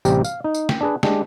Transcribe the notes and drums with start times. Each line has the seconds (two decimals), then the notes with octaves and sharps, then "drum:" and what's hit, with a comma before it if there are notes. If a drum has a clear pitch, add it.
0.05 A1 C3 G3 G4 A#5, drum: tambourine
0.24 F5, drum: tambourine
0.44 D#4
0.54 drum: tambourine
0.69 G5, drum: snare
0.81 D4 G#4 B4
1.03 G#3 D4 G4, drum: snare